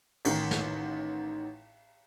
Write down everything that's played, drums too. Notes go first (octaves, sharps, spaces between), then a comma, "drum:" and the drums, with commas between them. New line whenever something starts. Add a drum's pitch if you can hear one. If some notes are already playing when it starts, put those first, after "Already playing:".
A1 D#3, drum: cymbal
drum: snare